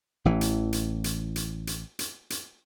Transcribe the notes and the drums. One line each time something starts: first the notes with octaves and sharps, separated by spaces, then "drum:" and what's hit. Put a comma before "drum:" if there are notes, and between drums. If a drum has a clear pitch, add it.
A1 E3
drum: hi-hat
drum: hi-hat
drum: hi-hat
drum: hi-hat
drum: hi-hat
drum: hi-hat
drum: hi-hat